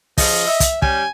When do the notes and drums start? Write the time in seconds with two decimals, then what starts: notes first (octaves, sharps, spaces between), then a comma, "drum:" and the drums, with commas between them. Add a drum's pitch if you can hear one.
0.18 C#3 F3 D#5, drum: kick, open hi-hat
0.47 E5
0.60 drum: kick, hi-hat
0.82 G3 C#4 G4 G#5, drum: kick